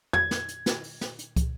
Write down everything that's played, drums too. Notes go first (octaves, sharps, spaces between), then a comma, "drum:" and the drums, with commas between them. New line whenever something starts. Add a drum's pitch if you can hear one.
G#6, drum: tom
drum: snare
drum: hi-hat
drum: snare
drum: open hi-hat
drum: snare
drum: hi-hat
drum: kick, hi-hat